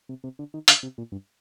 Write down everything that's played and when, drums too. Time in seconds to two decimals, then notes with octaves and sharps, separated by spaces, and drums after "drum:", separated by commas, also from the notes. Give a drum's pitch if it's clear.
0.09 C3
0.24 C3
0.39 D3
0.54 D#3
0.68 D3, drum: hi-hat
0.83 C3
0.98 A#2
1.12 G2